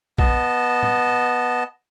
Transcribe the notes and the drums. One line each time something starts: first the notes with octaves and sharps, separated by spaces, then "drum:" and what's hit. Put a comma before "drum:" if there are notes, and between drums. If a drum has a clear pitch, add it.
B3 D#5 A5, drum: kick A#1
drum: tom